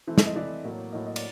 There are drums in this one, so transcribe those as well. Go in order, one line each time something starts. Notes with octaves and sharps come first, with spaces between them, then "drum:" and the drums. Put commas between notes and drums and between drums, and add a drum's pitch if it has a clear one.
E3 A3 C4
E5, drum: snare
D#5
E3 A3 C4 D5
A2 F#3 A#3
A2 F#3 A#3 D#5
D#5
D5, drum: cymbal